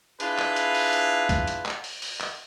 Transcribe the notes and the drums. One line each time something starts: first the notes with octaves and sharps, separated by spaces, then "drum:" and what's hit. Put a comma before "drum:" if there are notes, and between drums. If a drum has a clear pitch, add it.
D4 E4 F4 G#4 B4, drum: hi-hat
drum: clap
drum: hi-hat
drum: open hi-hat
drum: hi-hat
drum: kick, hi-hat
drum: hi-hat
drum: clap
drum: open hi-hat
drum: open hi-hat
drum: clap